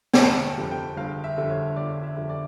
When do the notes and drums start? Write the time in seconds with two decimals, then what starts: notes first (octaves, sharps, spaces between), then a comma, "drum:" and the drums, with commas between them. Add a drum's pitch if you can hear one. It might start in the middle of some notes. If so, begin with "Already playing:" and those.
0.14 G5, drum: snare
0.17 G1 A5
0.45 G5
0.57 F2 D3 G3
0.71 G5
0.97 G1 F5
1.24 E5
1.37 F2 D3 G3
1.50 C#5
1.76 G1 D5
2.03 E5
2.16 F2 D3 G3
2.29 D5